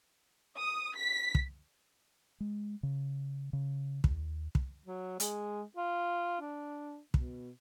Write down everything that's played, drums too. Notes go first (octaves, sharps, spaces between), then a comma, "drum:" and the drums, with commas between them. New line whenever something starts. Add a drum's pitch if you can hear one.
D#6
B6
drum: kick
G#3
C#3
C#3
D#2, drum: kick
drum: kick
F#3
G#3, drum: hi-hat
F4
D4
B2, drum: kick